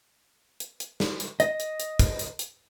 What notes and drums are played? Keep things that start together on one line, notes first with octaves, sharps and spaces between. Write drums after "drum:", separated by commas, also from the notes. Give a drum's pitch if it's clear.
drum: hi-hat
drum: hi-hat
drum: snare
drum: hi-hat
D#5, drum: hi-hat
drum: hi-hat
drum: hi-hat
drum: kick, hi-hat
drum: hi-hat
drum: hi-hat